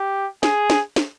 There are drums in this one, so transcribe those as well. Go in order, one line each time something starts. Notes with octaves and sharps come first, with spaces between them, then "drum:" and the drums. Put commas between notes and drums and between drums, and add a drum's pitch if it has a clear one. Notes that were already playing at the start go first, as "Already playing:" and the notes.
Already playing: G4
G#4, drum: snare
drum: snare
drum: snare